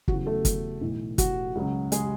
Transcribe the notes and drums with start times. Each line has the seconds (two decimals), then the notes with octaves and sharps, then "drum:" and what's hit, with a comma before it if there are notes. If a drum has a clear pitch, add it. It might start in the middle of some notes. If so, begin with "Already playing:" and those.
0.08 E2 C#3 F#3 F#4, drum: kick
0.26 A3 A4
0.45 drum: kick, hi-hat
0.81 B1 A2 E3
1.18 F#4, drum: kick, hi-hat
1.55 C#2 C#3 F#3
1.92 G#3 G#4, drum: hi-hat